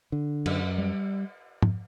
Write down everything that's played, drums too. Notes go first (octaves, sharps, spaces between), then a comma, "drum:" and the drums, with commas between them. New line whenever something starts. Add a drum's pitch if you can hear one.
D3
F#2, drum: cymbal
G3
drum: tom